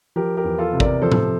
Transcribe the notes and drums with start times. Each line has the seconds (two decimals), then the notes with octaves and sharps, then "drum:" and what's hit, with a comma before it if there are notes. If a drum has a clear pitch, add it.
0.16 F3 G4 A#4
0.37 G4 A#4
0.44 E2
0.58 F4 A4
0.73 C3
0.80 A#4 D5, drum: kick
1.02 F3 A4 C5
1.12 drum: tom A2